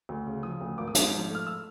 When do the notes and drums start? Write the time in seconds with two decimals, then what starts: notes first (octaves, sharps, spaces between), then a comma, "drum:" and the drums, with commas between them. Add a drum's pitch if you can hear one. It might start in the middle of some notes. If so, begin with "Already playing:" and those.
0.09 D2
0.27 C#3
0.43 F3 D#6
0.61 D2
0.78 G#1 D6
0.88 D#6
0.95 G#2 D6, drum: hi-hat
1.13 F3
1.30 A3 F6
1.47 E6